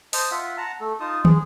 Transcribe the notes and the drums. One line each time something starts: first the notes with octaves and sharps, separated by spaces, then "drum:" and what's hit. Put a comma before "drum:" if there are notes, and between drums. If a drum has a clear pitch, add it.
C5 D#5 A5, drum: open hi-hat
F4 E5 F#5
F#5 A5 A#5
A3 A4
D#4 F4 A5 D#6
G#3 G#4, drum: tom